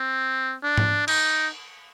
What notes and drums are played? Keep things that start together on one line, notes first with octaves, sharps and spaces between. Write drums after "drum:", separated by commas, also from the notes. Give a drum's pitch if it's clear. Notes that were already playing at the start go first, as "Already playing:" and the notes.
Already playing: C4
D4
drum: tom G#2
D#4, drum: cymbal